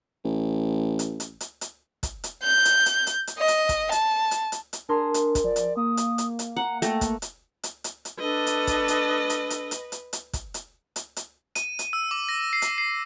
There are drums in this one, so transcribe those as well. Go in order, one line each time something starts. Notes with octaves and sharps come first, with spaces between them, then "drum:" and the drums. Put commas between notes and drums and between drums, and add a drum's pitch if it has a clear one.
A1
drum: hi-hat
drum: hi-hat
drum: hi-hat
drum: hi-hat
drum: kick, hi-hat
drum: hi-hat
G6
drum: hi-hat
drum: hi-hat
drum: hi-hat
drum: hi-hat
D#5
drum: hi-hat
drum: kick, hi-hat
A5, drum: hi-hat
drum: hi-hat
drum: hi-hat
drum: hi-hat
D4 G#4 A#4 A5 C6
drum: hi-hat
drum: kick, hi-hat
F3 D5
drum: hi-hat
A#3 D#6
drum: hi-hat
drum: hi-hat
drum: hi-hat
F#5 A#5
A3 G5 A#6, drum: hi-hat
drum: kick, hi-hat
drum: hi-hat
drum: hi-hat
drum: hi-hat
drum: hi-hat
D4 A4 B4 D#5
drum: hi-hat
drum: kick, hi-hat
drum: hi-hat
drum: hi-hat
drum: hi-hat
drum: hi-hat
drum: hi-hat
drum: hi-hat
drum: kick, hi-hat
drum: hi-hat
drum: hi-hat
drum: hi-hat
D#7, drum: hi-hat
drum: hi-hat
E6
D6
A#6
C7
drum: hi-hat
C7